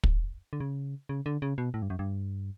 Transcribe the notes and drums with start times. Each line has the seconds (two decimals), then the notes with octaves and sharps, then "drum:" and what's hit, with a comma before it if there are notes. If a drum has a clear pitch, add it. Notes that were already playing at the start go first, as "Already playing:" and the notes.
0.03 drum: kick
0.53 D3
0.60 C#3
1.09 C#3
1.26 D3
1.42 C#3
1.58 B2
1.74 A2
1.82 G2
1.90 F#2
1.99 G2